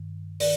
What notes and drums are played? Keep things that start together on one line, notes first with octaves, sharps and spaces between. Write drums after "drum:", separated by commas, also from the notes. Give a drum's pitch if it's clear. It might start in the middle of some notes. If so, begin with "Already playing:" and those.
Already playing: G2 D#3
D#3 D5, drum: open hi-hat